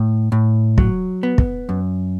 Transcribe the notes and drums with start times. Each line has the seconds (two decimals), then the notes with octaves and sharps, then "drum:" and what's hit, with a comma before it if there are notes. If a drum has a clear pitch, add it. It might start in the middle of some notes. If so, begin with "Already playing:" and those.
Already playing: A2
0.32 A2
0.78 F#3, drum: kick
1.23 B3
1.38 drum: kick
1.69 F#2